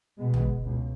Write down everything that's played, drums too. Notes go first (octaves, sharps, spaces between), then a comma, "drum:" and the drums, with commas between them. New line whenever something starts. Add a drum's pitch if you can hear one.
B2 G#3 B3
drum: tom
C#2 B2